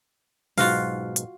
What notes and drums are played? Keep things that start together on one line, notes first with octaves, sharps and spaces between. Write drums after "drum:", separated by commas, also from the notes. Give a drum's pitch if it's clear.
B1 G#2 B2 F4 F#4 F5, drum: open hi-hat
drum: hi-hat